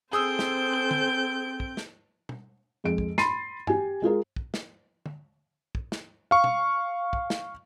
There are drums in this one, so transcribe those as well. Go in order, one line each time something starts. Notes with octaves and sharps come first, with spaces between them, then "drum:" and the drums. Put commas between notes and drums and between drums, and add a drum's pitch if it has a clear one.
C4 G#4 A4 C5 D#6 E6 G6 D7
drum: snare
drum: tom
drum: kick
drum: snare
drum: tom B2
F2 G#3 D7
drum: kick
B5 C6 A6 C7 D#7, drum: snare
G4 G#5, drum: tom G2
G#3 F4 G#4 A#4
drum: kick
drum: snare
drum: tom
drum: kick
drum: snare
F5 C#6
drum: tom B2
drum: kick
drum: snare